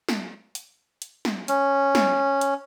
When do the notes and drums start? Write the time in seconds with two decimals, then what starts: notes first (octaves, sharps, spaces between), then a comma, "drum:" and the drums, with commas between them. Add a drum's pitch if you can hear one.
0.09 drum: snare
0.55 drum: hi-hat
1.02 drum: hi-hat
1.25 drum: snare
1.48 C#4, drum: hi-hat
1.95 drum: snare
2.41 drum: hi-hat